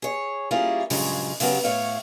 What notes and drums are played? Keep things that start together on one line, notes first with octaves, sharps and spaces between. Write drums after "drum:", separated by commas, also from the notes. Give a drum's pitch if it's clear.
G#4 C#5
G3 A#3 C#4 E4 F4 G#4
G2 A#2 C#3 F3 F#3 G#3, drum: open hi-hat
C#3 F#3 B3 F#4 G4, drum: open hi-hat
A2 C#5 F5